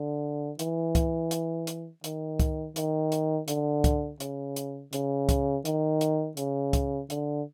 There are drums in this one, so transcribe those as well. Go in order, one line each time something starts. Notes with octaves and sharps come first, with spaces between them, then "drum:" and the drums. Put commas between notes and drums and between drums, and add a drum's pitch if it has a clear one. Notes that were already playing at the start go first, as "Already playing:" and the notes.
Already playing: D3
E3, drum: hi-hat
drum: kick C#2, hi-hat
drum: hi-hat
drum: hi-hat
D#3, drum: hi-hat
drum: kick C#2, hi-hat
D#3, drum: hi-hat
drum: hi-hat
D3, drum: hi-hat
drum: kick C#2, hi-hat
C#3, drum: hi-hat
drum: hi-hat
C#3, drum: hi-hat
drum: kick C#2, hi-hat
D#3, drum: hi-hat
drum: hi-hat
C#3, drum: hi-hat
drum: kick C#2, hi-hat
D3, drum: hi-hat